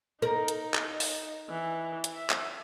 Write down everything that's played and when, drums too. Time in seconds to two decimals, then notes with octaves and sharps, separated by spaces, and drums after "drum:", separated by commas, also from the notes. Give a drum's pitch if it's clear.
0.22 D#4 A#4
0.48 drum: hi-hat
0.74 drum: clap
1.00 drum: open hi-hat
1.49 E3
2.04 drum: hi-hat
2.13 E5
2.30 drum: clap